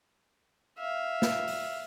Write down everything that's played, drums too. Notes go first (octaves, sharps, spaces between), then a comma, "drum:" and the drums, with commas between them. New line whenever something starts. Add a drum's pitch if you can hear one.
E5 F5
drum: snare
drum: open hi-hat